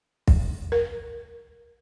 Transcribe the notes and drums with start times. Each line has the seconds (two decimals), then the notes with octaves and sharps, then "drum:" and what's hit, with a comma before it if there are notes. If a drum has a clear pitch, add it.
0.28 drum: kick
0.72 A#4